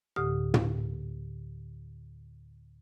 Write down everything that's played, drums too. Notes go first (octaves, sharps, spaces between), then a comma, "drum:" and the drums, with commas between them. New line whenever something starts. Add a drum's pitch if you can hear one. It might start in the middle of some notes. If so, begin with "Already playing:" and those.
D2 A2 D3 G4 D#6 F6
drum: tom